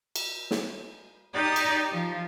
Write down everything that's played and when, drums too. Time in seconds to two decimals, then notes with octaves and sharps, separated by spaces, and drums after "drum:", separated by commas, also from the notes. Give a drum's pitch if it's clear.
0.16 drum: cymbal
0.51 drum: snare
1.33 D#4 G4 D5 D#6
1.56 drum: cymbal
1.91 F3